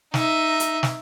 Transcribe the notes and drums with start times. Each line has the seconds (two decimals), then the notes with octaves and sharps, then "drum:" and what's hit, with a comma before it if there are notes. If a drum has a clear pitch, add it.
0.14 D#4 E5, drum: snare
0.60 drum: hi-hat
0.83 drum: snare